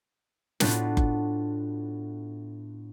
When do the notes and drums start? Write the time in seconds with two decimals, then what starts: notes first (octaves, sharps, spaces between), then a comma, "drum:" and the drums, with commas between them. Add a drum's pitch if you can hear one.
0.60 A2 B3 D4 F4 F#4, drum: snare
0.97 drum: kick F#1